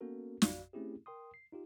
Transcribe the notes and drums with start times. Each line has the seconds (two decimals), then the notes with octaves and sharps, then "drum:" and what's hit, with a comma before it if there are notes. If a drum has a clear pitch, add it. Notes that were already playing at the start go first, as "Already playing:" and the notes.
0.01 A#3 B3 C#4 F#4 A4 A#4
0.42 A1 F2 F#4 D5 F5, drum: snare
0.73 A3 C4 C#4 E4 G4 G#4
1.06 A#4 G5 C6 D#6
1.34 C7
1.52 D#4 F4 G4